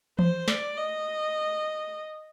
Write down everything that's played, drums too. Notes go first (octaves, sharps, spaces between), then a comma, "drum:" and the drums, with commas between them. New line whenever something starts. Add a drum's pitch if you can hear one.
C5, drum: tom E3
D5, drum: snare
D#5